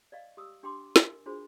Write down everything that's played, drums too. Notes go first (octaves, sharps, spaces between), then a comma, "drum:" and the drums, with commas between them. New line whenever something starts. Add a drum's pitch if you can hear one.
D5 D#5 F5
G4 D#6 E6
D4 G4 G5 C6 D6
A#4 G#5, drum: snare
D4 F4 F#4 G#4 C5